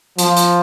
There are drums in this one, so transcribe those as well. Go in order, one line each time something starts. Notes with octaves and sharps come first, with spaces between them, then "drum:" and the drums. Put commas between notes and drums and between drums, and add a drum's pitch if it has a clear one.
F3, drum: hi-hat
drum: hi-hat